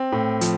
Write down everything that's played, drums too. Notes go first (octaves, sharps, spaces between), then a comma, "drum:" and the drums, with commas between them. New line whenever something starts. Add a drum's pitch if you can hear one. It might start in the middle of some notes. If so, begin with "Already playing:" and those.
Already playing: C4
A2
F3, drum: hi-hat